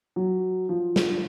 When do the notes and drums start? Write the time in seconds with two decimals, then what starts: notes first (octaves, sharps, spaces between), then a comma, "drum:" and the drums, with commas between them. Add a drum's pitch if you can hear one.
0.16 F#3
0.69 F3
0.96 drum: snare